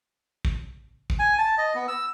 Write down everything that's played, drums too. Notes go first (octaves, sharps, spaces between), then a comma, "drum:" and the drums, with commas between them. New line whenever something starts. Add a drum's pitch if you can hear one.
drum: kick
drum: kick
G#5
A5
D#5
B3
E6